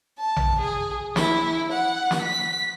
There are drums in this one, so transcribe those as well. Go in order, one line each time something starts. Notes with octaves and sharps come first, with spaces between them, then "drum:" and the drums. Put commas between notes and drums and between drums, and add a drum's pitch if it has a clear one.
A5
drum: tom A#1
G#4
E4, drum: snare
F#5
drum: snare
B6